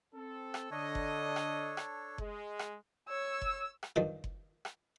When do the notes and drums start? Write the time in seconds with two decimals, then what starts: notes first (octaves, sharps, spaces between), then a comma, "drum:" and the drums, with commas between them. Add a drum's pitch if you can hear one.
0.14 C4 A4
0.54 drum: rim click
0.71 D3 D4 A4 C#5 D#5
0.95 drum: kick F#1
1.36 drum: rim click
1.77 drum: rim click
2.18 G#3, drum: kick F#1
2.59 drum: rim click
3.09 C#5 E6
3.42 drum: kick F#1
3.83 drum: rim click
3.96 G2 D#3 F3
4.24 drum: kick F#1
4.65 drum: rim click